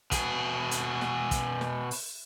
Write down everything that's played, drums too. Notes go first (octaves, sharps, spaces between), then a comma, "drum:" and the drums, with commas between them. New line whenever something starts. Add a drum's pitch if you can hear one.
B2 G#4, drum: kick, hi-hat
drum: hi-hat
drum: snare
drum: kick, hi-hat
drum: snare
drum: open hi-hat